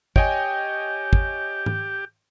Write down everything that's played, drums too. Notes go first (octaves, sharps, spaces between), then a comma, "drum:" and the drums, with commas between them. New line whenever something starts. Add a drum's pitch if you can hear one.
G4 C#5 D#5 G5 G#5, drum: kick
drum: kick
drum: tom G#2